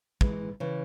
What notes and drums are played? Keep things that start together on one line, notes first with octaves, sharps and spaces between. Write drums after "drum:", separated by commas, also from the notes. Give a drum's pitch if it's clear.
E3 G#3, drum: kick
C#3 E3